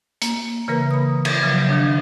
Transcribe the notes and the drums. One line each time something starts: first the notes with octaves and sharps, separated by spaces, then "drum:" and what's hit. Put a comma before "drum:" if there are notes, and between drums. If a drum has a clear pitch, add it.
A#3, drum: hi-hat
C#3 E3 A#3 A#4 B4
B5 D#6
drum: cymbal
C#3 F3 F#3
D#3 F3 D4